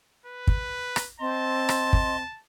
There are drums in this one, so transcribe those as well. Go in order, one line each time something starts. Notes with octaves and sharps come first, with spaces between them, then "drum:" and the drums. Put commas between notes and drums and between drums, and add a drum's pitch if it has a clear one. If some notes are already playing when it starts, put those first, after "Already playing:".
B4
drum: kick
drum: rim click
C4 D#5 A5 C6
drum: rim click
drum: kick